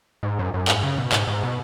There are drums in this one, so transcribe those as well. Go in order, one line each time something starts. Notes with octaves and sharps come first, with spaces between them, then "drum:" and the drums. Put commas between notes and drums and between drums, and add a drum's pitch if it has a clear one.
G#2
F#2
F#2
G#2, drum: clap
C#3
B2
G#2, drum: clap
G#2
B2